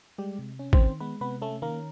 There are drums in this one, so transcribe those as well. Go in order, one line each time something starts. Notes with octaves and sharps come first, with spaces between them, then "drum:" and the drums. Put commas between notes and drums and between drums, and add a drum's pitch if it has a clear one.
G3 G#3 G4
C3
C#4
C4 C5, drum: kick
D#3
G#3 B3 B4
C3 B3 B4
A3 C#4 A4
D#3 A#3 A#4